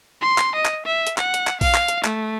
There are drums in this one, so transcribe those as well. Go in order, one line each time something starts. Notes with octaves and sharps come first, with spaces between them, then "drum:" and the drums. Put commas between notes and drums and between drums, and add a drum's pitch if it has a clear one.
C6
drum: clap
D#5
drum: clap
E5
drum: hi-hat
F#5, drum: clap
drum: hi-hat
drum: clap
F5, drum: kick A#1, open hi-hat
drum: clap
drum: hi-hat
A3, drum: clap